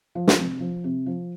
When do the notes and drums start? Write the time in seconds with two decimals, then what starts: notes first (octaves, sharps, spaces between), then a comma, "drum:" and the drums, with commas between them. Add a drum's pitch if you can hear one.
0.15 F3
0.28 drum: snare
0.39 C3
0.60 F3
0.84 C3
1.06 F3